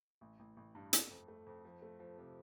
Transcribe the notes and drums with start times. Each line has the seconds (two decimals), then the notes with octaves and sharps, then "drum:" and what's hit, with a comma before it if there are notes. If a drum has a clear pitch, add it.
0.21 A1
0.39 A1
0.57 A1
0.75 G2
0.93 A3, drum: hi-hat
1.10 F2
1.28 A3
1.46 F2
1.65 F3
1.82 A3
2.00 F3
2.18 C3